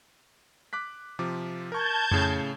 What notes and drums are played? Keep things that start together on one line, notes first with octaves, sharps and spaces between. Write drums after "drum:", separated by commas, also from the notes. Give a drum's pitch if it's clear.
D6 F#6 B6
C3 F3 D6
A#4 A5 C#6 G6 G#6
A2 C#3 C#5, drum: tom F2